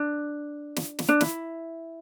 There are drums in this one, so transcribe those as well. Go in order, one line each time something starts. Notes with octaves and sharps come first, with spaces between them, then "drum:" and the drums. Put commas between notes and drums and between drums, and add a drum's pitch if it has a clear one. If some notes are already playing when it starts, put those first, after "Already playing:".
Already playing: D4
drum: snare
drum: snare
D4
E4, drum: snare